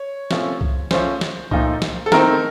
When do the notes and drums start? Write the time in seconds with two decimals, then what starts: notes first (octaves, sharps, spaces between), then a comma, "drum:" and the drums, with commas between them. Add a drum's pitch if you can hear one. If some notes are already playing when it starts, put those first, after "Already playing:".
Already playing: C#5
0.31 C3 F3 A3 C#4, drum: snare
0.61 drum: kick C2
0.91 F3 A3 C#4 C5, drum: snare
1.21 drum: snare
1.51 A#2 F3 A3 D#4, drum: kick C2
1.82 drum: snare
2.06 A4
2.12 D#3 A3 C4 D#4 A#4, drum: snare